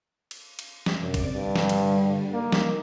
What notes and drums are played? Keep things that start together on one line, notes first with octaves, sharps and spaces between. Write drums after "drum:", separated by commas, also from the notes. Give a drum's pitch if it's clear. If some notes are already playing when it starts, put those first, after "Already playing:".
drum: cymbal
drum: cymbal
drum: snare
F#2 C3 D5 D6
drum: kick G#1, cymbal
G2 D3 G3
drum: snare
drum: cymbal
A#3 D#4
drum: snare